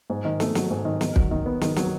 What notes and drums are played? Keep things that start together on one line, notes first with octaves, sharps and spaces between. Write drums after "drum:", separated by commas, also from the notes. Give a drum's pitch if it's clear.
G#2
D#3
A3, drum: snare
F#3, drum: snare
G#2
D#3
D#3, drum: snare
F#3, drum: kick
D#3
B3
D#3, drum: snare
F#3, drum: snare